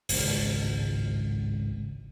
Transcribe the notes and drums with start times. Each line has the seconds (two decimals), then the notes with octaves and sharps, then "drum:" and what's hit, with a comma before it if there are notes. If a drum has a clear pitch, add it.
0.09 G#1 C#2 A2, drum: open hi-hat